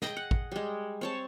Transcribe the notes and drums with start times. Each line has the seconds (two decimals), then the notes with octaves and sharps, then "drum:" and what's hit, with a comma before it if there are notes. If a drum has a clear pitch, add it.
0.02 G#4 D#5 G5, drum: snare
0.17 F#5
0.31 drum: kick
0.52 G3 G#3
1.01 C4 C#5 A5